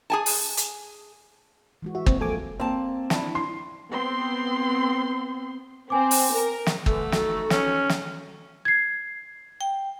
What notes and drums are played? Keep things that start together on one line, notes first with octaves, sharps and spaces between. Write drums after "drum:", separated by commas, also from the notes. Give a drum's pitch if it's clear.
G#4 G#5 A5
drum: open hi-hat
drum: hi-hat
E3 G#3 F#4
F#4 E5
A#3 C4, drum: kick
F3 G#3 A#3 A4 G#5 D6
A#3 C4 A5
D4 E4, drum: snare
C6
B3 C4 C6
C4 G#5 D6
drum: open hi-hat
A#4
drum: snare
D3 E3 A3, drum: kick
D#4 F#4 A4, drum: snare
C#4, drum: snare
drum: snare
G#6 C7
G5